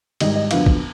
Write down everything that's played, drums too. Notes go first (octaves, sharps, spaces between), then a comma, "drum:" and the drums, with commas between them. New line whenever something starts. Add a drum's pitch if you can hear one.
G#1 G#2 D#3 G3 D#5, drum: cymbal
D#5
F2 D3 F#3 B3 F5, drum: cymbal
drum: kick